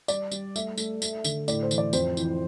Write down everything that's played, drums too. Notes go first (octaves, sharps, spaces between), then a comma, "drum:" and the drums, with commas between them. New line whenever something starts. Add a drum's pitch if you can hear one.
G3 D5, drum: tambourine
G3, drum: tambourine
A3 E5, drum: tambourine
A3, drum: tambourine
A3, drum: tambourine
D3, drum: tambourine
A2 D5, drum: tambourine
C5
E3, drum: tambourine
D5
F2 C5, drum: tambourine
E3, drum: tambourine